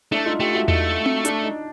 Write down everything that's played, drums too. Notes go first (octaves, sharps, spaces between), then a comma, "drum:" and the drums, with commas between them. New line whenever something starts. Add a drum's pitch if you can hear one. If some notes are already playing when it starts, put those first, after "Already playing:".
A3 D4 E4
D#4 F4
A3 F4 G4
E4 F#4
A3 D#4, drum: tom E2
drum: tom C4
D4, drum: hi-hat
D#4